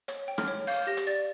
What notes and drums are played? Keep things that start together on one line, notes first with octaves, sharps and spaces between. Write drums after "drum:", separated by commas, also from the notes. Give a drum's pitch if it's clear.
C#5, drum: hi-hat
G5
F6, drum: rim click
C#5
F5 G6, drum: open hi-hat
G4 A#6
drum: hi-hat
D5 A6